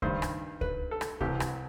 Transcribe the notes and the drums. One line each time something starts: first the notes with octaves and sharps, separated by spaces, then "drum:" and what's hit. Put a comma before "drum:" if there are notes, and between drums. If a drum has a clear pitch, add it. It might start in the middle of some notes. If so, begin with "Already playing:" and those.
G2 D#3 G3 C5, drum: kick C#2
drum: rim click
B4, drum: kick C#2
A4
drum: rim click
C2 C3 E3 G4, drum: kick C#2
drum: rim click